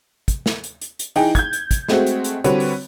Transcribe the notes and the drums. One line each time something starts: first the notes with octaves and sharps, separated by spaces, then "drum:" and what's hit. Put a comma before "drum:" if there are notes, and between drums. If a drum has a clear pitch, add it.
drum: kick, hi-hat
drum: snare
drum: hi-hat
drum: hi-hat
drum: hi-hat
E3 D#4 G#4 G5, drum: open hi-hat
G6 G#6, drum: kick, hi-hat
drum: hi-hat
drum: kick, hi-hat
G#3 A3 C4 F#4, drum: snare
drum: hi-hat
drum: hi-hat
D3 G3 C4 F#4 B4 C#5, drum: hi-hat
drum: open hi-hat